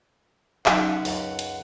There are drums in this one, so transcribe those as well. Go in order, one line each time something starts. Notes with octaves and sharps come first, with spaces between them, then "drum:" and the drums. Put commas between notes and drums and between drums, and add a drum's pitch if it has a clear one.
C#3 F#3 C#4 D#4 G4 E5 F#5, drum: clap
C#2 F#2, drum: open hi-hat
drum: hi-hat